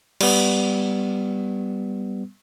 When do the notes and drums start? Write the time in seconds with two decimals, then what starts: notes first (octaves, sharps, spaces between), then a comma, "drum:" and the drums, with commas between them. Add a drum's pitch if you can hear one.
0.21 G3 B3, drum: cymbal